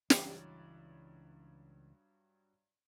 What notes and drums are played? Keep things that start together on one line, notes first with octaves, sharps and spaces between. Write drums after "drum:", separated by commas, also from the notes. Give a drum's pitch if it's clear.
C#2 G2 E3 F#3 D5, drum: snare